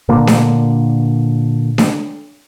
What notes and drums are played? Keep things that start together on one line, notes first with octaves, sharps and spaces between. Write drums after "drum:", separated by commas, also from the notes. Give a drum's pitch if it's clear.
A#2 D3 A#3 D4
drum: snare D4
drum: snare D4